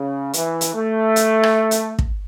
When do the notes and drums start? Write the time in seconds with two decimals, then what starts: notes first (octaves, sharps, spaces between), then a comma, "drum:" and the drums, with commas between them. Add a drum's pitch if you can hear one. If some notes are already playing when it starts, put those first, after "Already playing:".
Already playing: C#3
0.33 E3, drum: hi-hat
0.61 drum: hi-hat
0.74 A3
1.16 drum: hi-hat
1.43 drum: rim click
1.71 drum: hi-hat
1.99 drum: kick